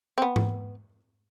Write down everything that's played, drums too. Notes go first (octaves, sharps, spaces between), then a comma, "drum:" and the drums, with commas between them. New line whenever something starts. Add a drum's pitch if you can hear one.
C4
B3
drum: tom G#2